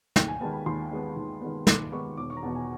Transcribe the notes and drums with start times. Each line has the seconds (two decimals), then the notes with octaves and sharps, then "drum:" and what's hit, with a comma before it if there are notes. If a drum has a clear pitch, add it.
0.16 D#2 G5, drum: snare
0.28 G#5
0.41 D#3 G#3 B3 A5
0.53 B5
0.66 D#2 C6
0.91 D#3 G#3 B3
1.16 D#2
1.41 D#3 G#3 B3
1.67 D#2 D6, drum: snare
1.92 D#3 G#3 B3 C#6
2.17 E1 D6
2.30 C#6
2.37 A#5
2.42 E2 B2 A5
2.55 G#5